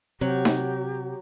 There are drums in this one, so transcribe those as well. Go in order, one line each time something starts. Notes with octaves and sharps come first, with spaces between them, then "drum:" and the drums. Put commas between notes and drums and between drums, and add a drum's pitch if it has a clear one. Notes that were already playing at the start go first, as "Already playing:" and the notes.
C3 F#3 C4 G4
drum: snare D#4